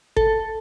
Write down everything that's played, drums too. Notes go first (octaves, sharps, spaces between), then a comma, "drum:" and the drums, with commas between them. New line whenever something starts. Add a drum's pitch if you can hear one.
A4, drum: kick G#1